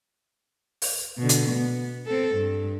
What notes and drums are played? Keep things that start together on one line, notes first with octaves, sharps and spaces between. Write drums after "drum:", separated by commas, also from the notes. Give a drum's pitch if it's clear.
drum: open hi-hat
B2 D3
drum: hi-hat
B3
C4 A4
G2